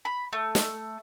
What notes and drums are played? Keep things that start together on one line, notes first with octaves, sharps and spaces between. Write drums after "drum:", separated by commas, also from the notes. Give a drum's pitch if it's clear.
B5
A3
drum: snare